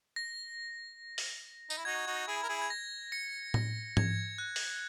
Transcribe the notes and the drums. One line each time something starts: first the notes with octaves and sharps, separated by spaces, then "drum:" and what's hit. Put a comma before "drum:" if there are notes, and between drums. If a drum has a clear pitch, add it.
A#6
drum: open hi-hat
D#4, drum: tambourine
E4
D#4 F#4 G#6
D#4 F#4
E4 G#4
A#4
E4 G#4
G#6
A#6
A#6 C#7
A#6, drum: tom A2
G#6, drum: tom G#2
F#6
drum: open hi-hat